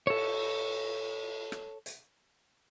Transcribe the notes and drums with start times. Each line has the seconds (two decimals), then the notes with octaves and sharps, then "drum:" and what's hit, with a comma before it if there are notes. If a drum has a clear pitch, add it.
0.07 A4 C#5, drum: cymbal
1.52 drum: rim click
1.86 drum: hi-hat